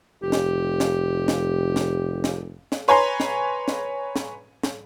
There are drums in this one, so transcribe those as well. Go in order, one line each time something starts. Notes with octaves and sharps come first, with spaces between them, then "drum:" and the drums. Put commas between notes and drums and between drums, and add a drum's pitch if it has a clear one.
F1 G4
drum: snare
drum: snare
drum: snare
drum: snare
drum: snare
drum: snare
B4 C#5 G#5 A#5 C6
drum: snare
drum: snare
drum: snare
drum: snare